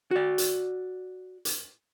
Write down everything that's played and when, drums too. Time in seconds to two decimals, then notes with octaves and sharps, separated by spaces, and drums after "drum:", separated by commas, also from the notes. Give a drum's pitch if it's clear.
0.11 F#4 D5
0.38 drum: hi-hat
1.45 drum: hi-hat